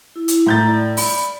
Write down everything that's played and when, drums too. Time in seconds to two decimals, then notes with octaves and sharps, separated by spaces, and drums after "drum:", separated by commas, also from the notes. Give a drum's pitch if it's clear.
0.16 E4
0.28 drum: hi-hat
0.46 A2 A#5 G6 A6
0.67 D5
0.97 B5, drum: open hi-hat